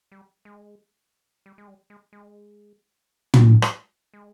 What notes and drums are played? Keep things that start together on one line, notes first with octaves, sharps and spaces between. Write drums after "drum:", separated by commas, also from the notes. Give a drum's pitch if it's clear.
G3
G#3
G3
G#3
G3
G#3
G#3
drum: tom
drum: rim click
G#3